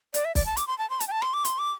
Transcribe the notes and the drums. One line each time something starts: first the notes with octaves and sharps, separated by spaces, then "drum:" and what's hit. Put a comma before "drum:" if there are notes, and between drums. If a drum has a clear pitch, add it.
D5, drum: hi-hat
E5
D5, drum: kick, open hi-hat
A5
D6, drum: hi-hat
C6
A5
C6
A5, drum: hi-hat
G5
A5
C6, drum: rim click
D6
C6, drum: hi-hat
D6